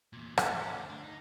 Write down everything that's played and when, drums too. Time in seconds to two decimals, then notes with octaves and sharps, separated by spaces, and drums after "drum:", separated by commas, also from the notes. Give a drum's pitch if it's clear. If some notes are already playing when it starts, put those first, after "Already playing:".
0.13 E2 A#2
0.38 C#4 D#4, drum: rim click
0.53 G2 C#4
0.71 D2
0.90 D4
1.04 D#4